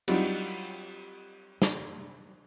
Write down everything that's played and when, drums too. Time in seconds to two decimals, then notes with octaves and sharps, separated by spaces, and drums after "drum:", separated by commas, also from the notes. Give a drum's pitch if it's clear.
0.08 F#3 G3 C4 D4 D#4 F4, drum: cymbal
1.62 drum: snare